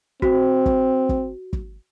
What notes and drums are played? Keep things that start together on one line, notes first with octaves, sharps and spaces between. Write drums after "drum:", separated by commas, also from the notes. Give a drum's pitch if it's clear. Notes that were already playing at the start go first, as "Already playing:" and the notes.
C4 F#4, drum: kick
drum: kick
drum: kick
drum: kick